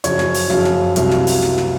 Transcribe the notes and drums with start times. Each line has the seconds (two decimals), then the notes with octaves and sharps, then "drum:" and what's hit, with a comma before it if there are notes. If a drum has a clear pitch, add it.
0.04 F#2 C#3 F3 C#5, drum: hi-hat
0.19 drum: snare
0.34 drum: open hi-hat
0.50 F#2 C#3 F3 F5, drum: snare
0.65 drum: snare
0.96 C2 C3 F#3 F5, drum: hi-hat
1.11 drum: snare
1.27 drum: open hi-hat
1.42 drum: snare
1.58 drum: snare